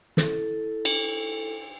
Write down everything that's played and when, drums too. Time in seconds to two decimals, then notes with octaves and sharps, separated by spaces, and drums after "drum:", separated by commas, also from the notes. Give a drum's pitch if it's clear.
0.17 E4 A4, drum: snare
0.85 drum: cymbal